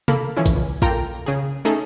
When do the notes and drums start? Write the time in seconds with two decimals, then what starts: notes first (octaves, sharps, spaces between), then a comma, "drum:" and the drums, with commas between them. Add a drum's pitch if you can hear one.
0.08 A#3 A4 B5, drum: tom C3
0.37 E3 F3 C#4 E4
0.46 drum: kick A#1, hi-hat
0.56 C#2
0.82 A#3 F4 A4 A#4 G5 A#5, drum: kick A#1
1.26 C#3 G#4
1.65 A3 C#4 D#4 G#4 A4